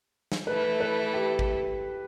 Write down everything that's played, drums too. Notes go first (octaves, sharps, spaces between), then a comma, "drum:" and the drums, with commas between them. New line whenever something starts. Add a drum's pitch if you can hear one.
drum: snare
E3 A3 E4 A4 B4
B4
G4
drum: kick G#1